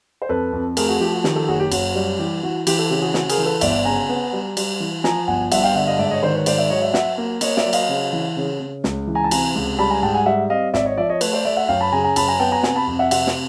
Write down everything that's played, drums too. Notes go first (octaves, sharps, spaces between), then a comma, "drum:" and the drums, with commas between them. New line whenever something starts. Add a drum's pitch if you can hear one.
C5
F2 A4 B4
F2
A3 G#4 A#4, drum: cymbal
F#4 G#4
F3 G4
F#4
D#3 G4, drum: snare
G4 A4
F#1 F#4 G#4
G4
F#2 F#4, drum: cymbal
G3
E3 G4
E3 F#4
E3 G4, drum: cymbal
G4 A4
C#3 G4
F#4 G#4
C#3 F#4 G#4, drum: snare
G#4 A#4, drum: cymbal
E3
A4 B4
G1 D5 E5, drum: cymbal
C#3 G#5 A#5
B3
G3
G3, drum: cymbal
E3
F3 G#5 A#5, drum: snare
G1 F#5 G#5
G2 E5 F#5, drum: cymbal
F5 G5
D3 E5 F#5
D#5 F5
G#2 D5 E5
C#5 D#5
D#3 C5 D5
B4 C#5
G#2 C5 D5, drum: cymbal
D5 E5
F#3 C#5 D#5
D5 E5
F#3 E5 F#5, drum: snare
A#3
A#3 C#5 D#5, drum: cymbal
D5 E5, drum: snare
F#3
D#5 F5, drum: cymbal
C#3
E3
C#3
C#3
C#2, drum: snare
E3
G#5 A#5
A5
C3 G#5 A#5, drum: cymbal
C#2
G3 A5 B5
G#5 A#5
G#2 G5 A5
F#5 G#5
G3 E5 F#5
C4 D#5 F5
G#1 D5 E5, drum: snare
C#5 D#5
F3 D5 E5
C#5 D#5
A3 B4 C#5, drum: cymbal
C5 D5
A3 D5 E5
E5 F#5
F#2 F5 G5
A5 B5
C#3 G#5 A#5
G#5 A#5
F#2 A5 B5, drum: cymbal
G#5 A#5
B3 G5 A5
G#5 A#5
C3 G#5 A#5, drum: snare
A5 B5
F2
E5 F#5
C3 E5 F#5, drum: cymbal
drum: snare